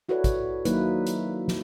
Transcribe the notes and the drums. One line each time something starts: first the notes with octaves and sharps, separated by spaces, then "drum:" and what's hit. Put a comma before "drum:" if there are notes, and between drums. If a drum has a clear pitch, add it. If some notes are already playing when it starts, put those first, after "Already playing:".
E4 F#4 A4 B4 C#5 D5
drum: kick, hi-hat
D#3 F#3 A#3 D#4 E4 B4, drum: hi-hat
drum: hi-hat
drum: snare